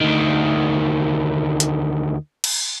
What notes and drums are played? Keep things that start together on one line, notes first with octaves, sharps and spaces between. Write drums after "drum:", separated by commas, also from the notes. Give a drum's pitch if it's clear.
D2 D#3
drum: hi-hat
drum: cymbal